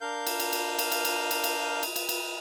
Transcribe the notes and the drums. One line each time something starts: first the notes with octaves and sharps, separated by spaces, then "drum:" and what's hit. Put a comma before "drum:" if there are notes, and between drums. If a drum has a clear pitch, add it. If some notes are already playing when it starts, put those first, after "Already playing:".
D4 A#4 F5 G6
drum: cymbal
drum: cymbal
drum: cymbal
drum: cymbal
drum: cymbal
drum: cymbal
drum: cymbal
drum: cymbal
drum: cymbal
drum: cymbal
drum: cymbal